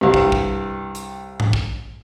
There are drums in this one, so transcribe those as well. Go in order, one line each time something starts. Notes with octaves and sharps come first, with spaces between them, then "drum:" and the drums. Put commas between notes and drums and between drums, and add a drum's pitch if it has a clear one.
C2 G2
drum: kick
drum: kick
drum: hi-hat
drum: tom G#2
drum: kick